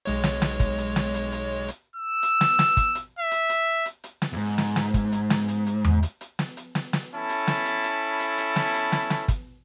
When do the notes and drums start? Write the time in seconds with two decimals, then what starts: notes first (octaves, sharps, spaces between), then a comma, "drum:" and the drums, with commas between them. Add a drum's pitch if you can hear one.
0.05 B1 G#3 C#5, drum: hi-hat
0.24 drum: snare
0.42 drum: snare
0.60 drum: kick, hi-hat
0.78 drum: hi-hat
0.96 drum: snare
1.14 drum: hi-hat
1.32 drum: hi-hat
1.68 drum: hi-hat
1.96 E6
2.23 drum: hi-hat
2.41 drum: snare
2.59 drum: snare
2.77 drum: kick, hi-hat
2.95 drum: hi-hat
3.19 E5
3.31 drum: hi-hat
3.49 drum: hi-hat
3.86 drum: hi-hat
4.04 drum: hi-hat
4.22 drum: snare
4.33 E2 G#2
4.58 drum: snare
4.76 drum: snare
4.94 drum: kick, hi-hat
5.12 drum: hi-hat
5.30 drum: snare
5.48 drum: hi-hat
5.66 drum: hi-hat
5.85 drum: tom E2
6.03 drum: hi-hat
6.21 drum: hi-hat
6.39 drum: snare
6.57 drum: hi-hat
6.75 drum: snare
6.93 drum: snare
7.15 C#4 E4 A4 A5 B5
7.29 drum: hi-hat
7.47 drum: snare
7.66 drum: hi-hat
7.84 drum: hi-hat
8.20 drum: hi-hat
8.38 drum: hi-hat
8.56 drum: snare
8.74 drum: hi-hat
8.92 drum: snare
9.10 drum: snare
9.28 drum: kick, hi-hat